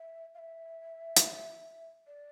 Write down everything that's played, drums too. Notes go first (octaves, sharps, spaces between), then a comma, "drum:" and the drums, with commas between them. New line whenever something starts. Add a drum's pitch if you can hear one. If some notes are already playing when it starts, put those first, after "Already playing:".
Already playing: E5
F5
E5
drum: hi-hat
D5